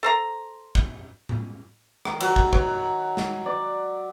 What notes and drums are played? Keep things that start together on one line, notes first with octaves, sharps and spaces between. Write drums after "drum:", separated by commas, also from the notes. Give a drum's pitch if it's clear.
A4 C5 A#5
drum: kick
drum: tom A2
D#3, drum: rim click
F#3, drum: cymbal
drum: kick
C#5, drum: kick
drum: snare
D5